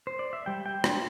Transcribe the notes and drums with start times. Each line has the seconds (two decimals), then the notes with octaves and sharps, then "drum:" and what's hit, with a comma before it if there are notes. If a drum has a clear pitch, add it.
0.07 C5
0.19 D5
0.33 E5
0.46 G3 G5
0.66 G5
0.84 D4 C6, drum: rim click